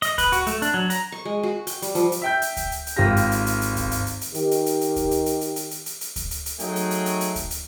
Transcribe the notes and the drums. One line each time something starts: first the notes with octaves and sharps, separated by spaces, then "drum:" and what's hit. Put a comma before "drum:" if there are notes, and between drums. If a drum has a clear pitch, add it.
D#5, drum: hi-hat
B4, drum: kick D2, hi-hat
F#4, drum: hi-hat
A3, drum: hi-hat
D4, drum: hi-hat
F#3
A#5, drum: hi-hat
C#6
G#3
F#4
G5, drum: hi-hat
G3, drum: hi-hat
F3, drum: hi-hat
drum: hi-hat
E5 G5 G6
drum: hi-hat
drum: kick D2, hi-hat
drum: hi-hat
drum: hi-hat
G#1 F4 G4 A#6
drum: hi-hat
drum: hi-hat
drum: hi-hat
drum: hi-hat
drum: kick D2, hi-hat
drum: hi-hat
drum: hi-hat
drum: hi-hat
D#3 G4, drum: hi-hat
drum: hi-hat
drum: hi-hat
drum: hi-hat
drum: kick D2, hi-hat
drum: hi-hat
drum: hi-hat
drum: hi-hat
drum: hi-hat
drum: hi-hat
drum: hi-hat
drum: hi-hat
drum: kick D2, hi-hat
drum: hi-hat
drum: hi-hat
F#3 A3 D#4 G#4 G5, drum: hi-hat
drum: hi-hat
drum: hi-hat
drum: hi-hat
drum: hi-hat
drum: kick D2, hi-hat
drum: hi-hat